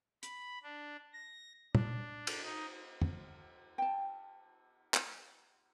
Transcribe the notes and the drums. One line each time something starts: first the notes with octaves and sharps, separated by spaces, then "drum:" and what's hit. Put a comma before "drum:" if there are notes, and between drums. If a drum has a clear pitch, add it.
B5, drum: hi-hat
D4
A#6
D4, drum: tom
drum: cymbal
D#4
drum: tom
G5 A5
drum: clap